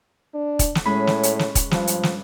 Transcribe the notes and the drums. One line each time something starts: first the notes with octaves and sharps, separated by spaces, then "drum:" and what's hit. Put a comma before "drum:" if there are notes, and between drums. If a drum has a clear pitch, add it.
D4
drum: kick, hi-hat
drum: snare
A2 G#3 C#4 B5
drum: snare
drum: hi-hat
drum: snare
drum: kick, hi-hat
G2 F3, drum: snare
drum: hi-hat
drum: snare